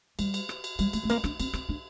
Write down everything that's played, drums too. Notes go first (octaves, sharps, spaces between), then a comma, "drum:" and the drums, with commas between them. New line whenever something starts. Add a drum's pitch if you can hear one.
G3, drum: cymbal
drum: cymbal
drum: rim click
drum: cymbal
G3, drum: cymbal
A3, drum: cymbal
A3
A#3, drum: cymbal
D4, drum: rim click
C4, drum: cymbal
C4, drum: rim click
D4